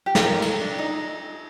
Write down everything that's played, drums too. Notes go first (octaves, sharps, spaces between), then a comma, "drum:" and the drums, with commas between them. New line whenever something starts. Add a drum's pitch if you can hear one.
G4
A4, drum: snare
A#4
A4, drum: cymbal
D4
D#4